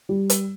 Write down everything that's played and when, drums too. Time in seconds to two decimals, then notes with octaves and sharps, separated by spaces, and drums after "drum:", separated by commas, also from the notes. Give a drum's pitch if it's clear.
0.09 G3
0.30 drum: hi-hat